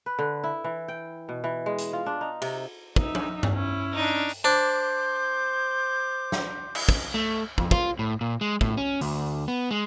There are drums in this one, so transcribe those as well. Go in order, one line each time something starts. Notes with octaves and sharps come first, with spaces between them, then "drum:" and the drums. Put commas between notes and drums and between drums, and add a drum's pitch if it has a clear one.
B4
D3
E4
E3
G5
B2
E3
G#3
drum: hi-hat
F4
D4
D#4
C3, drum: cymbal
D#4 E5, drum: kick
drum: tom F3
drum: tom G2
C#4 E4
D4 D#4
drum: open hi-hat
D4 C5 C6 D6 G6
drum: snare
drum: cymbal
drum: kick
A3
F2, drum: kick
F4, drum: kick
A2
A#2
G#3
A2, drum: kick
C#4
D2, drum: open hi-hat
B3
G#3